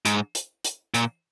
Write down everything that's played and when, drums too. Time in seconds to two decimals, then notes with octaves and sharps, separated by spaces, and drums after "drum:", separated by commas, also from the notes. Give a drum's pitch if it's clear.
0.05 G#2, drum: hi-hat
0.35 drum: hi-hat
0.65 drum: hi-hat
0.94 A#2, drum: hi-hat